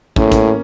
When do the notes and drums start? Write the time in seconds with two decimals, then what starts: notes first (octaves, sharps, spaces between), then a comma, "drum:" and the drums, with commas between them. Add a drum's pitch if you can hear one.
0.16 A2 C#4, drum: kick
0.24 A#3
0.32 C#4, drum: kick, hi-hat